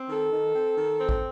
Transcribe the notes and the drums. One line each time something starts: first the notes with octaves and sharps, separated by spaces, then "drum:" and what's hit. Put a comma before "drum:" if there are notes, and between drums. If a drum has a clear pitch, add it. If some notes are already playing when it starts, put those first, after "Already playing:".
Already playing: C4
D#3 A4
D#3
C4
D#3
C4
drum: kick